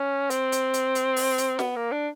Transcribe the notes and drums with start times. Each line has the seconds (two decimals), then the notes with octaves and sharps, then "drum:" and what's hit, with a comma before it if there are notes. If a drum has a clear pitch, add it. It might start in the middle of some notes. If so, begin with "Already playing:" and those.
Already playing: C#4
0.30 C4, drum: hi-hat
0.52 drum: hi-hat
0.74 drum: hi-hat
0.95 drum: hi-hat
1.16 drum: open hi-hat
1.38 drum: hi-hat
1.59 B3, drum: snare
1.76 A#3
1.92 D4